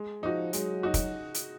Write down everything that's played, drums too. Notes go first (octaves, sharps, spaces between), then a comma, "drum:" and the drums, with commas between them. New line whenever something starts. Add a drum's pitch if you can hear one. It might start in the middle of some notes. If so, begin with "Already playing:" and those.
Already playing: G#3
F3 D#4 F#4
F#3 G#3, drum: hi-hat
D#4 F#4
drum: kick, hi-hat
drum: hi-hat